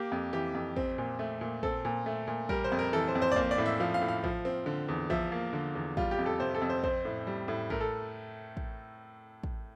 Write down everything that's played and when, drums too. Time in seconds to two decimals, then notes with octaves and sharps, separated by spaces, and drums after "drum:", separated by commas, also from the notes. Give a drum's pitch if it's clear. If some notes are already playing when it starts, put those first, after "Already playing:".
Already playing: A#3 G4
0.12 F2
0.33 E3 G4
0.55 F2
0.76 C4, drum: kick
0.98 A#2
1.19 A3
1.41 A#2
1.63 C4 A4, drum: kick
1.85 A#2
2.06 A3
2.28 A#2
2.49 G3 A#4, drum: kick
2.64 C5
2.72 F2
2.79 A#4
2.93 E3 A4
3.08 C5
3.15 F2
3.22 C5
3.32 D5
3.36 A#3 C5, drum: kick
3.51 D5
3.58 A2
3.66 E5
3.80 F3 F5
3.94 F5
4.01 A2
4.08 F5
4.24 F3, drum: kick
4.45 C4
4.66 D3
4.88 E2
5.10 F3 E5, drum: kick
5.32 A#3
5.53 D3
5.75 E2
5.97 G3 F4, drum: kick
6.11 G4
6.19 F2
6.26 A4
6.40 C3 C5
6.55 A4
6.62 F2
6.69 C5
6.83 C4 C5, drum: kick
7.05 A2
7.27 G3
7.48 A2
7.70 A3 A#4, drum: kick
7.80 A4
8.57 drum: kick
9.44 drum: kick